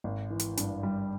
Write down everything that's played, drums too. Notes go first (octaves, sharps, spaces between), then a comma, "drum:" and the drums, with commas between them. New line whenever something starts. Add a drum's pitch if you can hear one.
G#1
E3
drum: hi-hat
G2, drum: hi-hat
G3